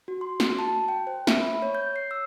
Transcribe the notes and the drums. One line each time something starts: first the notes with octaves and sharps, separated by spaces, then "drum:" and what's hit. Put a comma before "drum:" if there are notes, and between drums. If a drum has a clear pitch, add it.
F#4
C6
F#4, drum: snare
A5
G5
C5
E5, drum: snare
B5
C#5
G6
C7
E6